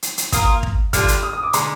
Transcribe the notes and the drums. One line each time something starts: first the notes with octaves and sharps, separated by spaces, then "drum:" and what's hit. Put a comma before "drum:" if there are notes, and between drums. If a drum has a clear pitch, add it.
drum: hi-hat
drum: hi-hat
A#3 F4 A#4 D#6, drum: kick, hi-hat
drum: kick
D3 G3 D4 F4 F6, drum: kick, hi-hat
drum: hi-hat
D#6
D#6
D6
D3 G#3 D#4 C6, drum: hi-hat